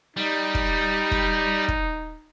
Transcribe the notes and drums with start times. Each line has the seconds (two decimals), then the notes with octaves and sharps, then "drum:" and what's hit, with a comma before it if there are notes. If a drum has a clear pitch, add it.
0.17 G3 D#4
0.55 drum: kick
1.11 drum: kick
1.68 drum: kick